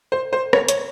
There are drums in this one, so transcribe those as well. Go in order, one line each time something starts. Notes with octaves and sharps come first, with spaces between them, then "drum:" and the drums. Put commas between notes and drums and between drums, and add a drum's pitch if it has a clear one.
C5
C5
C#5, drum: rim click
C#5, drum: hi-hat